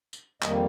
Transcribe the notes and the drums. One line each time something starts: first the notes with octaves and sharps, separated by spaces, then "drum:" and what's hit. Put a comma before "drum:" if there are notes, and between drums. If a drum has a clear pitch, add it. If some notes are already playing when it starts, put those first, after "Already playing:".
drum: tambourine
F2 D#3 G3 A#3 D#5, drum: clap